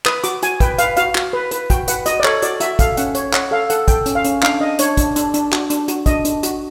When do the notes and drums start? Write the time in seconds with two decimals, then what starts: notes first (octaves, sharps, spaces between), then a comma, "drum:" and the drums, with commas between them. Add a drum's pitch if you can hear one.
0.06 B4 D#6, drum: clap
0.24 F#4 D6, drum: hi-hat
0.42 F#4 G#5, drum: hi-hat
0.60 B4 G5, drum: kick, hi-hat
0.78 B4 F5, drum: hi-hat
0.97 F#4 F5, drum: hi-hat
1.15 F#4, drum: clap
1.33 B4
1.51 B4, drum: hi-hat
1.70 F#4 G5, drum: kick, hi-hat
1.88 B4 F#5, drum: hi-hat
2.06 F#4 D#5, drum: hi-hat
2.20 D5
2.24 A4 C#5, drum: clap
2.42 F#4 D5, drum: hi-hat
2.60 F#4 E5, drum: hi-hat
2.79 A4 F5, drum: kick, hi-hat
2.97 C#4 F#5, drum: hi-hat
3.15 C#5, drum: hi-hat
3.33 C#5 F#5, drum: clap
3.51 A4 F5
3.70 A4 F#5, drum: hi-hat
3.88 A4 G5, drum: kick, hi-hat
4.06 C#4, drum: hi-hat
4.15 F5
4.24 C#4, drum: hi-hat
4.43 D4 F5, drum: clap
4.60 D4 D#5
4.79 D4 C#5, drum: hi-hat
4.97 D4, drum: kick, hi-hat
5.16 D4, drum: hi-hat
5.34 D4, drum: hi-hat
5.52 F#4, drum: clap
5.70 D4, drum: hi-hat
5.88 F#4, drum: hi-hat
6.06 D4 D#5, drum: kick, hi-hat
6.25 D4, drum: hi-hat
6.43 F#4, drum: hi-hat